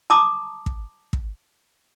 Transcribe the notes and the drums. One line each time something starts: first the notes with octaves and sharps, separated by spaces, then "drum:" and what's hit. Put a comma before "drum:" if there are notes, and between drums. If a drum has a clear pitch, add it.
A5 A#5 D6 D#6
drum: kick
drum: kick